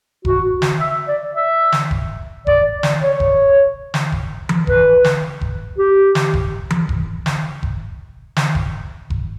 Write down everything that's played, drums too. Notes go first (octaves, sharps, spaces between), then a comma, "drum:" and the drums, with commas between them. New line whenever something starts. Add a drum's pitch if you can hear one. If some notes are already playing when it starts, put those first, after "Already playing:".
F#4, drum: kick F1
drum: snare
E5
D5
E5
drum: snare
drum: kick F1
D5, drum: kick F1
drum: snare
C#5
drum: kick F1
drum: snare
drum: kick F1
drum: tom E3
B4, drum: kick F1
drum: snare
drum: kick F1
G4
drum: snare
drum: kick F1
drum: tom E3
drum: kick F1
drum: snare
drum: kick F1
drum: snare
drum: kick F1
drum: kick F1